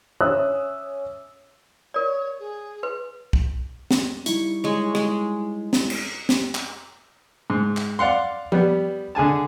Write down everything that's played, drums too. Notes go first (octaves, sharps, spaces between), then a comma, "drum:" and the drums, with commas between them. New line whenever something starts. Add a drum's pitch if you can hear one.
C#4 E5 D#6 E6 F#6
A#4 C#5 D5
G#4
B4
drum: kick
drum: snare
G3 D#4 E4 C#6, drum: hi-hat
G#3 C#5
G#3, drum: rim click
drum: snare
drum: cymbal
drum: snare
drum: clap
G#2
drum: clap
D5 F5 F#5 C6
G3 B3, drum: tom F3
D3 G#4 G#5 A5